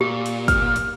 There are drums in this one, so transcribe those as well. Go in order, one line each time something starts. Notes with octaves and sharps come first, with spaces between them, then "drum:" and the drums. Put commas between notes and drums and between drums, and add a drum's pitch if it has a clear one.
A#2 G4
drum: hi-hat
F6, drum: kick, hi-hat
drum: hi-hat